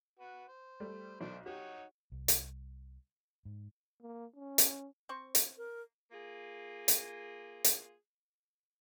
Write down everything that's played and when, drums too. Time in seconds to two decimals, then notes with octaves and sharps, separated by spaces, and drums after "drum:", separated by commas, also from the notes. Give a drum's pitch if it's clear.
0.19 F#4 B4
0.48 C5
0.80 G3 A3
1.21 B1 A3 D4 C5
1.46 D#4 F#4 G4 C#5
2.12 C2
2.28 drum: hi-hat
3.45 G#2
4.02 A#3
4.36 C#4
4.58 drum: hi-hat
5.09 C4 C5 C#6
5.35 drum: hi-hat
5.58 A#4
6.11 A#3 F4 G#4
6.88 drum: hi-hat
7.64 drum: hi-hat